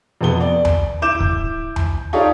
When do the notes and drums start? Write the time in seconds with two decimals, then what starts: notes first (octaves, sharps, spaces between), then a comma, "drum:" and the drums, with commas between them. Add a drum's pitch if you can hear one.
0.21 F2 C3 B3 G7
0.41 D5
0.65 drum: tom D#2
1.02 E4 D6 G6 E7
1.20 drum: kick
1.76 drum: tom D#2
2.13 D#4 F4 G4 A4 C#5 D5